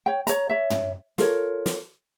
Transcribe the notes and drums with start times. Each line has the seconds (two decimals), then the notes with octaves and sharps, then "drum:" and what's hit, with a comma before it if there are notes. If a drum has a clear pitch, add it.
0.06 C#5 G5
0.27 C#5 A#5, drum: hi-hat
0.49 C#5 E5
0.70 drum: tom
1.18 F4 A4 A#4 C#5, drum: snare
1.66 drum: snare